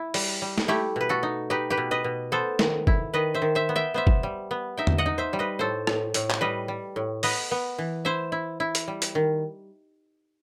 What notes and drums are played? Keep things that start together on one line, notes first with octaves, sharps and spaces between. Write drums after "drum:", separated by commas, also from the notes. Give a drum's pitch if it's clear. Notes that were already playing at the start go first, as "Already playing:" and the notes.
Already playing: E4
G3, drum: open hi-hat
G3
drum: snare
A3 E4 G4
B2 B4
F#4 A4
D#4
D#4 G4 B4
G4 B4
B2
B4 D#5
B2
B3 A4 C5
D#3, drum: snare
E4, drum: kick
D#3 B4 D#5
C5 E5
D#3
C5 E5
B3
E5 G5
B3 C5 E5
drum: kick
G3
B3
D#4 E5 G5
drum: tom E2
D#5 F#5
D#4
C5 E5
G3
B4 D#5
A2 A4 C5
A2, drum: rim click
A2, drum: hi-hat
drum: clap
G3 B4 D#5
G3
A2
B3 B4 D#5, drum: open hi-hat
B3
E3
E4 C5 E5
E4
E4
drum: hi-hat
G3
drum: hi-hat
D#3